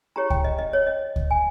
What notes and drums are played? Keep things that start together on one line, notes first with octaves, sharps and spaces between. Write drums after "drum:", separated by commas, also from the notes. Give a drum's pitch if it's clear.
E4 G4 C#5 A#5
G5, drum: kick C#2
D#5
D#5
C#5
D#5
drum: kick C#2
G#5